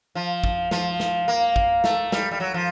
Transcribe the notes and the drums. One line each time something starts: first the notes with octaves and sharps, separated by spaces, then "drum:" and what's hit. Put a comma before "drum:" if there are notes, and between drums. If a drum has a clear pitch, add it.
F3
drum: kick A1
F3, drum: snare
drum: snare
A#3
drum: kick A1
A3, drum: snare
G3, drum: snare
G3
F#3
F3